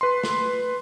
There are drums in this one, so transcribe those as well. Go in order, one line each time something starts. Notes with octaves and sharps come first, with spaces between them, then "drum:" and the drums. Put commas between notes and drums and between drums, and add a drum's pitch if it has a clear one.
B4 C6
drum: snare